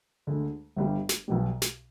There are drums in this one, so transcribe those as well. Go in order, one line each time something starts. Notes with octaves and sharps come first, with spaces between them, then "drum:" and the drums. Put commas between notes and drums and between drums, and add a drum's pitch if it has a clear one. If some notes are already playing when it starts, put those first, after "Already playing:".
D2 D3 G#3
G1 G2 D3 G3
drum: snare
B1 B2 G3
drum: snare